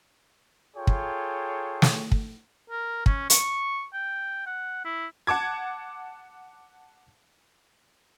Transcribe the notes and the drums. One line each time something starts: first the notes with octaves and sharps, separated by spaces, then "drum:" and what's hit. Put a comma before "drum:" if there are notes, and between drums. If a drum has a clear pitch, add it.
F4 G#4 A4 C#5 G5
drum: kick
drum: snare
drum: kick
A#4
C#4, drum: kick
C#6, drum: hi-hat
G5
F#5
E4
F#5 A5 D6 G#6